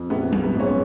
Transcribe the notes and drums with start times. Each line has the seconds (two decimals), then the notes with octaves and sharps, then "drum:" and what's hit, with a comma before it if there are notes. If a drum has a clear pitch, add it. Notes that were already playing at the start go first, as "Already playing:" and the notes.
Already playing: F2
0.10 A#1 B3
0.32 A#1, drum: tom F#3
0.43 B3
0.55 G#2
0.60 C#4